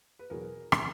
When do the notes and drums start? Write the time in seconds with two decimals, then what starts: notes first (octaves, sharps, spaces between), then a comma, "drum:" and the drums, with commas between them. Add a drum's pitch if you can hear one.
0.19 B4
0.30 E2 B2 F#3 G#4 A#4
0.72 C#3 E3, drum: rim click